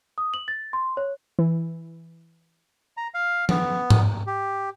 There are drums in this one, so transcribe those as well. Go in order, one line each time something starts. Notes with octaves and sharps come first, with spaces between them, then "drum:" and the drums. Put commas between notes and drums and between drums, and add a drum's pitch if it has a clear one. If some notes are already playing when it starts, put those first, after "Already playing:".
D#6
F#7
A6
C6
C#5
E3
A#5
F5
B3, drum: tom F3
drum: tom G#2
G4